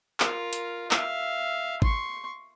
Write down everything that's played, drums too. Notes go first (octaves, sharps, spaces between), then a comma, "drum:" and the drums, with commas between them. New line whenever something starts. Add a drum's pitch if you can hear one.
F4 A#4, drum: clap
drum: hi-hat
E5 F5, drum: clap
C6 C#6, drum: kick G#1